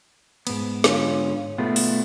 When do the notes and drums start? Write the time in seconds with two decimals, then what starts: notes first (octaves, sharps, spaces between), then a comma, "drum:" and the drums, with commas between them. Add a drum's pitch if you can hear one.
0.47 G#2 B3, drum: cymbal
0.84 D3 C#4 F4, drum: snare
1.58 B2 A3 B3 F4
1.76 drum: open hi-hat